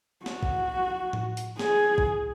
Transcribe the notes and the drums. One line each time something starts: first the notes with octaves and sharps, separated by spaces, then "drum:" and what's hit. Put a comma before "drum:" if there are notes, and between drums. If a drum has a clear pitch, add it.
F#4, drum: snare
drum: kick
drum: tom A2
drum: open hi-hat
G#4, drum: snare
drum: kick